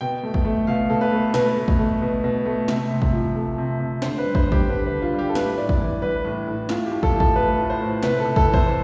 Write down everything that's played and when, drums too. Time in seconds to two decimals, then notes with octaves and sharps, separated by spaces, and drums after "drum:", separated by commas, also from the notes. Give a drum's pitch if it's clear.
0.01 B2 G5
0.23 A3
0.34 drum: kick
0.45 A3
0.67 B2 F5
0.90 B2 A4
1.01 B4
1.12 A3
1.34 B2 B4, drum: snare
1.57 A3
1.68 drum: kick
1.79 A3
2.02 B2
2.24 B2
2.45 A3
2.68 C3, drum: snare
2.90 C3
3.02 drum: kick
3.13 F3
3.35 A3
3.58 C3
3.80 C3
4.02 D3 C5, drum: snare
4.18 B4
4.24 G3
4.35 C5, drum: kick
4.47 G3
4.52 G4, drum: kick
4.69 D3 B4
4.86 B4
4.92 D3
5.02 F4
5.14 G3 G4
5.29 A4
5.35 A2 B4, drum: snare
5.58 A2 D5
5.69 drum: kick
5.80 E3
6.02 G3 B4
6.24 A2
6.47 A2
6.69 A2 F4, drum: snare
6.86 G4
6.91 A2
7.03 A4, drum: kick
7.14 F3
7.20 A4, drum: kick
7.36 A3 B4
7.59 A2
7.70 C5
7.80 A2
8.03 C3 B4, drum: snare
8.20 A4
8.25 C3
8.36 A4, drum: kick
8.48 E3
8.54 C5, drum: kick